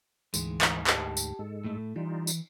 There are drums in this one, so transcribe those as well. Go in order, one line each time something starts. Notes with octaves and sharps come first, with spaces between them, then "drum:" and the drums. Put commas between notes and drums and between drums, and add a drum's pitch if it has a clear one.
D2 G#2 E3 G#3, drum: tambourine
drum: clap
G4 G5 A5, drum: clap
drum: tambourine
G#2 G#3 A4
A2 A3
E3 G3 D#4 F4
drum: tambourine